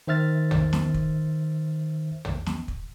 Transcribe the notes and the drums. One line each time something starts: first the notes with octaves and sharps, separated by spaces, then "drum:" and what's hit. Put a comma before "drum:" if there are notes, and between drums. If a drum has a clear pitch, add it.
D#3 C5 E5 F6 A6
drum: tom
drum: snare
drum: kick
drum: tom
drum: snare
drum: kick